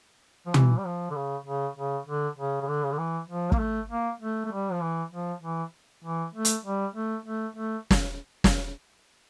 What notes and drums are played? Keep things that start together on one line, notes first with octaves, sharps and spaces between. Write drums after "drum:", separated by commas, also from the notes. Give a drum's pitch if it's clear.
F3
E3, drum: tom
G3
F3
D3
C#3
C#3
C#3
D3
C#3
C#3
D3
C#3
D3
E3
F3
A#3, drum: kick
A3
A#3
A3
A3
G3
F3
E3
F3
E3
E3
A3
drum: hi-hat
G3
A3
A3
A3
drum: snare
drum: snare